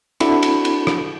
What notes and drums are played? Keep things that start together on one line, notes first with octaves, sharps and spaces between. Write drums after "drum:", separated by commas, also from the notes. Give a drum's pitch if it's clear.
C4 D4 E4 F#4 A4 B5, drum: cymbal
drum: cymbal
drum: cymbal
drum: rim click